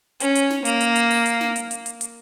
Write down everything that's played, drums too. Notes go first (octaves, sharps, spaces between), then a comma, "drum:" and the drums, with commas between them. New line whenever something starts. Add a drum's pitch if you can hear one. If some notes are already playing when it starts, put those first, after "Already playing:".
C#4, drum: hi-hat
drum: hi-hat
drum: snare
A#3, drum: hi-hat
drum: hi-hat
drum: hi-hat
drum: open hi-hat
drum: hi-hat
drum: snare
drum: hi-hat
drum: hi-hat
drum: hi-hat
drum: hi-hat